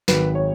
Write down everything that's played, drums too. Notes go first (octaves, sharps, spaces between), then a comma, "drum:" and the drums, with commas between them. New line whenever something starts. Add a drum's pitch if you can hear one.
G#1 G#2 D#3 F#3 B4, drum: snare
C#5